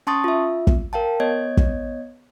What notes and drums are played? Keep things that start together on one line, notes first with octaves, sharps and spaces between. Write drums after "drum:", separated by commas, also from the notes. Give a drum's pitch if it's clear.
C#4 A5 C6 C#6 D#6 A6
F4 E5
drum: kick
A#4 F5 G5 A5
B3 C#5 D#5 G#6
drum: kick